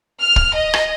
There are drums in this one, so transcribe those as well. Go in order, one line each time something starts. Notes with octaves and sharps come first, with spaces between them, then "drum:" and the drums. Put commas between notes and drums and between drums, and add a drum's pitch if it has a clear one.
F6
drum: kick
D#5
drum: rim click